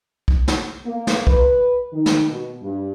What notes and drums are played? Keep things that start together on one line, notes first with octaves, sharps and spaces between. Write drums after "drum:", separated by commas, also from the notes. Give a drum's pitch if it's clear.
drum: kick
drum: snare
A#3
drum: snare
B4, drum: kick
D#3
drum: snare
B2
G2